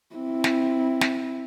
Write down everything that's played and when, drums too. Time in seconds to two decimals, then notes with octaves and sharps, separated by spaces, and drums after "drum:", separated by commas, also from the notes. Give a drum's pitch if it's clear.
0.15 C4 E4
0.44 drum: snare
1.01 drum: snare